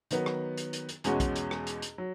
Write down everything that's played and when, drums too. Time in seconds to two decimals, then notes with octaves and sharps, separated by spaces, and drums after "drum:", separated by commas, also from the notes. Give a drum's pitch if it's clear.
0.11 D#3 F#3 B3, drum: hi-hat
0.26 drum: rim click
0.58 drum: hi-hat
0.73 drum: hi-hat
0.89 drum: hi-hat
1.04 E2 B2 G#3 C#4 F#4, drum: hi-hat
1.20 drum: kick, hi-hat
1.36 drum: hi-hat
1.51 drum: rim click
1.67 drum: hi-hat
1.82 drum: hi-hat
1.98 F#3